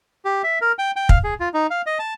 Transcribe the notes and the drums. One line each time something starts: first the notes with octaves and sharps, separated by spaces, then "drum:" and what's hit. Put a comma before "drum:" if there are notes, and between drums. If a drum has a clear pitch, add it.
G4
E5
A#4
G5
G5
F5, drum: kick
G#4
F4
D#4
F5
D#5
A5